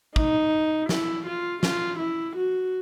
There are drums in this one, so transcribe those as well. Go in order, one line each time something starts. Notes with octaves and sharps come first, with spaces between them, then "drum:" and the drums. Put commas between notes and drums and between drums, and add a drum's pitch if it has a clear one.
D#4, drum: kick
E4, drum: snare
F4
F4, drum: snare
E4
F#4